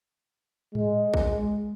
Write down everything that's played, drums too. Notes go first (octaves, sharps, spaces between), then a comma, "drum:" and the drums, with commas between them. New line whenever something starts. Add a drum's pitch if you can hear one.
G#3, drum: tom G#2
drum: kick A#1